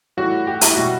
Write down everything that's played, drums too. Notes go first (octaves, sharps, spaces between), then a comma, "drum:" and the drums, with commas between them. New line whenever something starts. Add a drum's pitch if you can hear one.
A2 E3 G3 F#4
G4
E4, drum: hi-hat
B2 G3 F#4